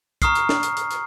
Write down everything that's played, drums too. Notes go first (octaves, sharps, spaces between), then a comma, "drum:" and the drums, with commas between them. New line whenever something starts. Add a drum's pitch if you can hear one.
A#5 C#6 D#6 F6 C7, drum: kick B1, hi-hat
drum: hi-hat
drum: snare
drum: hi-hat
drum: hi-hat
drum: hi-hat